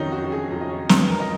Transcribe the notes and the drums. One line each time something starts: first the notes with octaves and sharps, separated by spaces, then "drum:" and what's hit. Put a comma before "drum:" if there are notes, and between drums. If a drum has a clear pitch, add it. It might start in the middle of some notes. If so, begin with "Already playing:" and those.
Already playing: F2 D#3 F#3 C#4 D#4
F#4
F#4
G#4
F2 D#3 F#3 A#4
D#5
C#5
B4, drum: snare
A#4
D#5